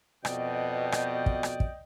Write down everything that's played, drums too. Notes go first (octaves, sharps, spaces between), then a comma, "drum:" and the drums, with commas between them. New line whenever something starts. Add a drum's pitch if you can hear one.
F2 B2 D5 D#5 G5, drum: rim click
drum: rim click
drum: kick
drum: rim click
drum: kick